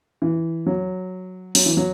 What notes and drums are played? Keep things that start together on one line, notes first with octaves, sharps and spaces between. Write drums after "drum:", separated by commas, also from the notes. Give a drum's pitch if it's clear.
E3
F#3
F#3, drum: open hi-hat
E3
F#3